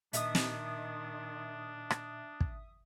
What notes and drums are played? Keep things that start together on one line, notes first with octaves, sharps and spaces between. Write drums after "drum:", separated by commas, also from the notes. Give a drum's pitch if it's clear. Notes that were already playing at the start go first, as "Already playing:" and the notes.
A#2 D#3 D4 D#5 E5 D#6, drum: hi-hat
drum: snare
drum: rim click
drum: kick